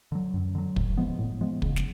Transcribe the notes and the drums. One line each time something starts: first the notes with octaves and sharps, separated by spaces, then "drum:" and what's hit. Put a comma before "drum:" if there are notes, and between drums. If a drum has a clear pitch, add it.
D3 F#3
F#2
D3 F#3
A2, drum: kick
F3 G#3 B3
A2
F3 G#3 B3
C#3, drum: kick
drum: snare